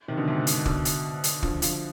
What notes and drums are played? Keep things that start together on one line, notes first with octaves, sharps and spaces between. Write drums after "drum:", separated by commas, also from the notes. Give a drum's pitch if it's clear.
C3 D#3
B2 D3
G#2 C3
drum: hi-hat
B2 D3, drum: kick
drum: hi-hat
drum: hi-hat
D3 F3, drum: kick
D3 F3, drum: hi-hat